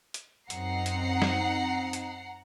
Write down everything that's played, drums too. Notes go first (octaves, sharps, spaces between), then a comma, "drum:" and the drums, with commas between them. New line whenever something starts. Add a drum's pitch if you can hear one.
drum: hi-hat
F#2 C4 D#4 F#5 A#5 C7, drum: hi-hat
drum: hi-hat
drum: snare
drum: hi-hat